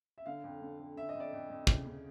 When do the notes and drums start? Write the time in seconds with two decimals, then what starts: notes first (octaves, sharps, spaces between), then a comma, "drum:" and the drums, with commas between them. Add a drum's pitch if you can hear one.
0.18 E5
0.26 D3 F5
0.44 F2
0.62 D3
0.79 F2
0.96 D3 E5
1.09 D#5
1.15 F2
1.20 D5
1.32 F2
1.50 F2
1.67 C#3, drum: kick
1.85 C#3